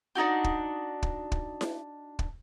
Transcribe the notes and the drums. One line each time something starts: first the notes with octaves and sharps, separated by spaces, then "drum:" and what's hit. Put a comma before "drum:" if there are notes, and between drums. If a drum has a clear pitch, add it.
D4 D#4 F#4 G4
drum: kick
drum: kick
drum: kick
drum: snare E4
drum: kick